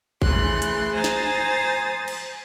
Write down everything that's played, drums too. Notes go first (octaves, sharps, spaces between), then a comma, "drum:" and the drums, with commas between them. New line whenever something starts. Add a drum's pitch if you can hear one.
C#3 E3 A3 C6 F#6, drum: kick A1
drum: hi-hat
C5 G#5 A#5 D#6 A6
drum: snare
drum: cymbal